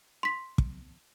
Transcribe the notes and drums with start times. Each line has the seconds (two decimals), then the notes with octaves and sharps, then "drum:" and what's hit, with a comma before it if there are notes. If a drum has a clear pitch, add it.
0.23 C6 B6
0.58 drum: kick